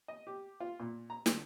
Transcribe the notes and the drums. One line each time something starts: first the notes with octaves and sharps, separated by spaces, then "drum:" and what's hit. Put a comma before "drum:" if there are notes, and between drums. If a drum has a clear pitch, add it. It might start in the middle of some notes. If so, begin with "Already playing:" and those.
D#5
G4
F4
A#2
A#5
D3, drum: snare